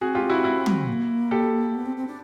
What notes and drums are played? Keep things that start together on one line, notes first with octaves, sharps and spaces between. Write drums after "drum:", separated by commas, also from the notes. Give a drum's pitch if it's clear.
C4 F#4 G#4
F4 G4
E4 F#4
E4 F#4
drum: tom
A#3
G4 A4
B3
C4
C4
D4